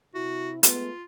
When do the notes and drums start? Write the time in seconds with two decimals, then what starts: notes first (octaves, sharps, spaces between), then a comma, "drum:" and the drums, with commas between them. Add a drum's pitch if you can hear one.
0.15 C3 E4 F#4
0.63 G#3 A3 B3 F4, drum: hi-hat